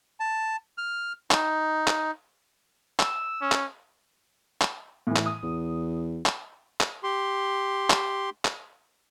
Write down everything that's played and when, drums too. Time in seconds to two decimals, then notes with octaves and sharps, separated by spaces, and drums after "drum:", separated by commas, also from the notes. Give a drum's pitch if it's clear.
0.20 A5
0.78 F6
1.31 D#4, drum: clap
1.87 drum: clap
2.99 E6, drum: clap
3.42 C#4
3.52 drum: clap
4.61 drum: clap
5.07 A2 E3
5.16 drum: clap
5.26 D#6
5.43 E2
6.26 drum: clap
6.81 drum: clap
7.03 G4 C6
7.90 drum: clap
8.45 drum: clap